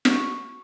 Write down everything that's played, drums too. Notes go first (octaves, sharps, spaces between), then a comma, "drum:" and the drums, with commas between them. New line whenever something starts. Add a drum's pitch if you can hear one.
C#6, drum: snare